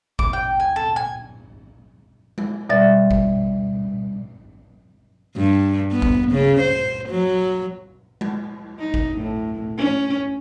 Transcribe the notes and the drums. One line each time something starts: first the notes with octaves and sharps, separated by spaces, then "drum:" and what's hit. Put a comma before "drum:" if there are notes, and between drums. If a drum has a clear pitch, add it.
D6, drum: kick A1
G5
G#5
A4
G#5
drum: tom G#3
B2 G3 D5 E5 A6
drum: kick A1
G2
B3
drum: kick A1
C#3
C5
F#3
drum: tom G#3
D#4
drum: kick A1
A2
C#4